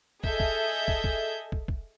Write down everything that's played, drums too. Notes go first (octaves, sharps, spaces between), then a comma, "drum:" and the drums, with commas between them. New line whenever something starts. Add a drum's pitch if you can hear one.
G#4 A4 D#5 E5 G6, drum: kick
drum: kick
drum: kick
drum: kick
drum: kick
drum: kick